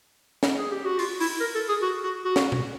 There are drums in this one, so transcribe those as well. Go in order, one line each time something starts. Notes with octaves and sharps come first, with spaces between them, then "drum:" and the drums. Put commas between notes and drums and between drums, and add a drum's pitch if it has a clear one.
drum: snare
G#4
G4
F#4
F4, drum: open hi-hat
E4, drum: open hi-hat
A#4
A4
G#4
F#4
F#4
F#4
drum: snare
drum: tom B2